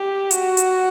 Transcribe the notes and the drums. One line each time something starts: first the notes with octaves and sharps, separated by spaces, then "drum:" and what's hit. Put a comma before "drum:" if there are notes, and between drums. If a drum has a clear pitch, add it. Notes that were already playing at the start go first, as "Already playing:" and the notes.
Already playing: G4
F#4, drum: hi-hat
drum: hi-hat